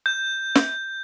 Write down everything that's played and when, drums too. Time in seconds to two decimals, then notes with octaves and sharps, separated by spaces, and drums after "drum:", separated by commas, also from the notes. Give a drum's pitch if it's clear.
0.06 G6
0.55 drum: snare